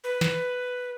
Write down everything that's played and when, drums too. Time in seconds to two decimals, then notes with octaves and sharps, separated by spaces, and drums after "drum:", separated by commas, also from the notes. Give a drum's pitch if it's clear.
0.04 B4
0.21 drum: snare